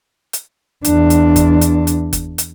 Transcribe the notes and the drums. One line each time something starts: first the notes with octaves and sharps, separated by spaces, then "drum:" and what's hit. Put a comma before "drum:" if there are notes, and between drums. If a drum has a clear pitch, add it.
drum: hi-hat
E2 D4, drum: hi-hat
drum: hi-hat
drum: kick, hi-hat
drum: hi-hat
drum: hi-hat
drum: kick, hi-hat
drum: hi-hat